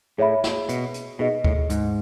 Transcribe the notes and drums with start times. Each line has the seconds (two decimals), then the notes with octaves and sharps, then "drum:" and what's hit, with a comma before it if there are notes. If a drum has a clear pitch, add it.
0.18 A2 G#4 C#5 E5 B5
0.44 drum: snare
0.69 B2, drum: hi-hat
0.94 drum: hi-hat
1.19 B2 D#4 G#4 D#5
1.44 A2, drum: kick D2
1.70 G#2, drum: hi-hat